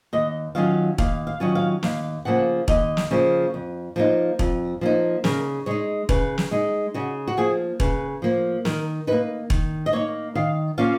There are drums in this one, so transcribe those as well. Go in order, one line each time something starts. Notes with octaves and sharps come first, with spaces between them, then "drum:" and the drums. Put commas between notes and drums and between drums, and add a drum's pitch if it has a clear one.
D#2 D#5
D#3 F#3 C#4 F4 F5
D#2 F5, drum: kick E1
F5
D#3 F#3 C#4 F4
F5
D#2 F5, drum: snare
C#3 F3 A#3 F#5
D#2 D#5, drum: kick E1
drum: snare
C#3 F3 A#3
F2
F3 A#3 D#4
F2, drum: kick E1
F3 A#3 D#4
C#3 A#4, drum: snare
G#3 D#4 C#5
C#3 B4, drum: kick E1
drum: snare
G#3 D#4
C#3 F#4
F#4
F3 A#3 G#4
C#3 B4, drum: kick E1
F3 A#3
D#3 A#4, drum: snare
A#3 D#4 B4
D#3, drum: kick E1
D#5
A#3 D#4 C#5
D#3 F5
A#3 C#4 F4 F5